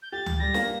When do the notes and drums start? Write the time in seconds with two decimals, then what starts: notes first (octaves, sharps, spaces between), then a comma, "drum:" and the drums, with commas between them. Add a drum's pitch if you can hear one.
0.02 G6
0.12 G4 A6
0.26 drum: tom D2
0.40 G3 A#6
0.54 A#3, drum: snare